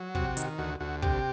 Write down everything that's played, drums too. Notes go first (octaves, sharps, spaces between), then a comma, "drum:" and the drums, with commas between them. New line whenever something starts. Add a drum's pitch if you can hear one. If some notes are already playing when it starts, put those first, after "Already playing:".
Already playing: F#3
C3 F#4, drum: kick
D#3, drum: hi-hat
D2 F#4
D2 F#4
C3 G4, drum: kick